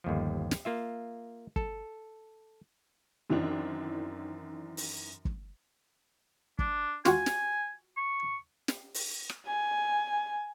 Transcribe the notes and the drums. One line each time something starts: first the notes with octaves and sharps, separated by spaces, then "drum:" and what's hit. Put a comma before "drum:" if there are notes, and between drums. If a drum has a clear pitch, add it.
G1 D#2 F3
drum: snare
A#3 F4 E5
A4, drum: kick
F#2 D#3 E3 C4 D4
drum: open hi-hat
drum: kick
D4, drum: kick
F4 F#4 F#5 G#5, drum: snare
drum: snare
C#6
drum: snare
drum: open hi-hat
drum: rim click
G#5